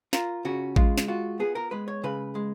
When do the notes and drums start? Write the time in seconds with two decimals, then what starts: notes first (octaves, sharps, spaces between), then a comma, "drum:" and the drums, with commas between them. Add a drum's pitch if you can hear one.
0.13 F4 A#4, drum: snare
0.45 C#3 F#4
0.76 G#3 F4, drum: kick A1
0.98 drum: snare
1.08 F4 F#4
1.40 B3 G#4
1.55 A#4
1.71 G#3 B4
1.88 C#5
2.04 C#3 B4
2.35 G#3